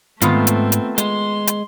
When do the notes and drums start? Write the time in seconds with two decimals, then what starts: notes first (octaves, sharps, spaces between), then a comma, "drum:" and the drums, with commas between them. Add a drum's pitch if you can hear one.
0.22 G#2 D#3 A3 B3 C4 F4, drum: hi-hat
0.47 drum: hi-hat
0.72 drum: hi-hat
0.98 G#3 C6, drum: hi-hat
1.47 drum: hi-hat